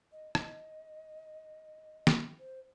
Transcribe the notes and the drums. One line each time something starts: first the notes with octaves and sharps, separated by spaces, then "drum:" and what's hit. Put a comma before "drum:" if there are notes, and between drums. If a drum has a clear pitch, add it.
D#5
D#5, drum: rim click
drum: snare
C5